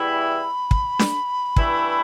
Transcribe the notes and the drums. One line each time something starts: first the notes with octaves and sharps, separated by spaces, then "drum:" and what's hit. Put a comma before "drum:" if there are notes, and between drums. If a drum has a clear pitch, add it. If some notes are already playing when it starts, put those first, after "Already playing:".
Already playing: E2 E3 G3 E4 B5
drum: kick
drum: snare D4
G2 E3 A3 E4, drum: kick